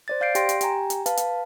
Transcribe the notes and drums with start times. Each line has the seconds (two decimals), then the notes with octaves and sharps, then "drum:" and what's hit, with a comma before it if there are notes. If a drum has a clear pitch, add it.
0.08 C5 D5 A6
0.20 D5 F5 G6 C7 D7
0.35 G4 G5 C6 A#6 D7, drum: hi-hat
0.49 drum: hi-hat
0.61 G4 G5 G#5 A#5, drum: hi-hat
0.90 drum: hi-hat
1.06 B4 F5 A5, drum: hi-hat
1.17 drum: hi-hat